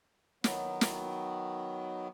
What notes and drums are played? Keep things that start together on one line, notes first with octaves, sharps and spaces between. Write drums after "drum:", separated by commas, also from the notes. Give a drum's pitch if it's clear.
D#3 F#3 B3, drum: snare
drum: snare